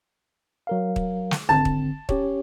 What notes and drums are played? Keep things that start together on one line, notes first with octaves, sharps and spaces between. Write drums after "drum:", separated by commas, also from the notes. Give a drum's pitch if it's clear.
F#3 A#4 F5
drum: kick
drum: snare
G#1 D3 C4 A5
drum: kick
C#4 G4 C#5, drum: kick